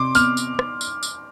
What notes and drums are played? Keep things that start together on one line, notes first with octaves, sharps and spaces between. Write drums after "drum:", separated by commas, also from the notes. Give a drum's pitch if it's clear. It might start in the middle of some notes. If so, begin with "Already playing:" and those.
Already playing: C3 C6 D6
B3 F6, drum: tambourine
drum: tambourine
drum: rim click
drum: tambourine
drum: tambourine